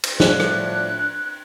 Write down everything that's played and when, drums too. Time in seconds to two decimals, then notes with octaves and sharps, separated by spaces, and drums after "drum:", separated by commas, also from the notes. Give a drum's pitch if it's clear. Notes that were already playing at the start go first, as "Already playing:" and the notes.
0.03 drum: cymbal
0.20 A2 F3 D4 F#6, drum: snare
0.40 drum: rim click